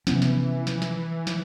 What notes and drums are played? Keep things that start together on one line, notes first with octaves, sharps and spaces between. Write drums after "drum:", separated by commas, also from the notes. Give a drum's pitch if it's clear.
C3 E3 B3 C#4, drum: snare
drum: snare
drum: snare
drum: snare
drum: snare